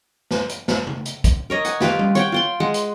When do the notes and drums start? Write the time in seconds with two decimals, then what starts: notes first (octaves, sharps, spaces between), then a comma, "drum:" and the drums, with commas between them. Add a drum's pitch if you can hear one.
0.31 drum: snare
0.49 drum: hi-hat
0.68 drum: snare
0.87 drum: tom C3
1.06 drum: hi-hat
1.24 drum: kick, hi-hat
1.50 A#4 C#5 D#5
1.65 F#5 G#5, drum: hi-hat
1.80 F4 G4 B4 F5, drum: snare
1.99 drum: tom G3
2.15 C#5 F#5 G5, drum: hi-hat
2.32 F4 G5 C6
2.60 G#3 F#5
2.74 drum: hi-hat